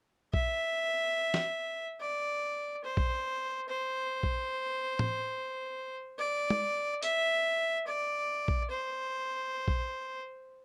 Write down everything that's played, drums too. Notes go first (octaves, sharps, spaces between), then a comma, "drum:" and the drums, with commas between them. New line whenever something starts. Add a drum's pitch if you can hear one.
E5, drum: kick A#1
drum: snare
D5
C5
drum: kick A#1
C5
drum: kick A#1
drum: tom A2
D5
drum: tom
E5, drum: hi-hat
D5
drum: kick A#1
C5
drum: kick A#1